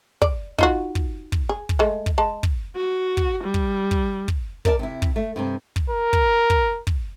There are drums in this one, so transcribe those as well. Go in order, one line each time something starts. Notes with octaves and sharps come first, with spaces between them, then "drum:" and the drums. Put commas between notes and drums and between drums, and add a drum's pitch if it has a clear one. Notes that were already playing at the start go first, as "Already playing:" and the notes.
D5, drum: kick
D#4 F4 F#4, drum: kick
drum: kick
drum: kick
G#4
drum: kick
G#3 A3
drum: kick
G#3 A5
drum: kick
F#4
drum: kick
G3
drum: kick
drum: kick
drum: kick
A#4 D5 E5 A5, drum: kick
C3 E4
drum: kick
A3
G2 C3 C4
drum: kick
A#4
drum: kick
drum: kick
drum: kick